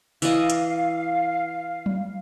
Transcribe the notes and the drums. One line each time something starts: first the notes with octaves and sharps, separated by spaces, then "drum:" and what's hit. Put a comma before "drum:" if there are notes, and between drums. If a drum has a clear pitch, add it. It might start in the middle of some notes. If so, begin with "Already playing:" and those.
E3 D5 D#5 F5, drum: open hi-hat
drum: hi-hat
drum: tom F#3